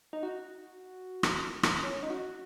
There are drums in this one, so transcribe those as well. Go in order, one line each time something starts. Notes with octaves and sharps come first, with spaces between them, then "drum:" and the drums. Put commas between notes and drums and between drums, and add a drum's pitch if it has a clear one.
D#4
F#4
drum: rim click
drum: rim click
C#4
D#4
F#4